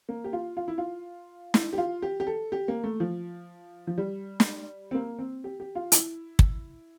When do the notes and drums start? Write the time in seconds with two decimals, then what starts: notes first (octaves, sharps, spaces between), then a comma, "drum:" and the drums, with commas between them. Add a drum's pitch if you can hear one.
0.09 A#3
0.24 G4
0.33 F4
0.57 F4
0.68 E4
0.78 F4
1.54 E4, drum: snare
1.73 G4
1.78 F4
2.02 G4
2.20 G4
2.27 A4
2.52 G4
2.68 A#3
2.84 A3
3.00 F3
3.87 F3
3.98 G3
4.40 drum: snare
4.91 C4
4.95 A#3
5.19 C4
5.44 G4
5.60 G4
5.75 F4
5.92 E4, drum: hi-hat
6.39 drum: kick